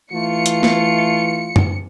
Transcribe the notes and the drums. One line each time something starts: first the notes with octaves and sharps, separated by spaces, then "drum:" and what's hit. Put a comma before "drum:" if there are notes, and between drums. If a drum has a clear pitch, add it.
E3 A3 F4 C#7
drum: hi-hat
drum: snare
drum: tom F#2